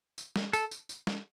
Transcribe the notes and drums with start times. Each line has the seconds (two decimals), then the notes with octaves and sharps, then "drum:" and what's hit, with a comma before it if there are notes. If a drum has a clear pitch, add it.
0.18 drum: tambourine
0.36 drum: snare
0.53 A4, drum: tambourine
0.71 drum: tambourine
0.89 drum: tambourine
1.07 drum: snare